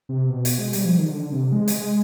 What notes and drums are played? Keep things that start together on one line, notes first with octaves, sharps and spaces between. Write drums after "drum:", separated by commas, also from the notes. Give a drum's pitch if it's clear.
C3
B2
drum: hi-hat
G#3
G3, drum: hi-hat
F3
D#3
D3
C3
G#3
drum: hi-hat